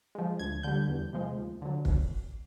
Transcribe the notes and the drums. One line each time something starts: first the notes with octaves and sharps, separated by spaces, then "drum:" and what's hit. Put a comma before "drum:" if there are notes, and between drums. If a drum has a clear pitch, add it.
F3 G#3
D2 G#6
D3 G3 G6
E2
C3 F3 G#3
D#2
D3 F#3
drum: kick